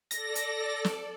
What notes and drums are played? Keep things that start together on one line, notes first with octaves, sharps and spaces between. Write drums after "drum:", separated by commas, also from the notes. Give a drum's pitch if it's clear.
A4 D5 A#6, drum: hi-hat
drum: hi-hat
drum: snare